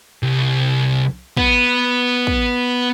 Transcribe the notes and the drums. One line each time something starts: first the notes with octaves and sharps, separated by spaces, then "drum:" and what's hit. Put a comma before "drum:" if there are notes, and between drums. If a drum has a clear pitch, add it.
C2
B3, drum: kick
drum: kick